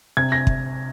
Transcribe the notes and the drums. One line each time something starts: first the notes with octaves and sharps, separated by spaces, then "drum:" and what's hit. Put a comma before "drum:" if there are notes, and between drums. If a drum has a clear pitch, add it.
C3 G#6
A#6
drum: kick